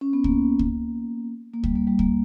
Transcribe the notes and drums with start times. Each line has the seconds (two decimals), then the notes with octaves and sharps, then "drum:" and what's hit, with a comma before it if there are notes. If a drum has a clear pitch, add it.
0.01 C#4
0.13 B3
0.24 A#3, drum: kick C#2
0.59 drum: kick C#2
1.54 A#3
1.64 G3, drum: kick C#2
1.75 A#3
1.87 G3
1.99 A#3, drum: kick C#2